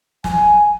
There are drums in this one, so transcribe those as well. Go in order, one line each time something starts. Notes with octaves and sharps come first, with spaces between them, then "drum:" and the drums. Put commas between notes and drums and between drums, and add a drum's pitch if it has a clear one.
G#5, drum: snare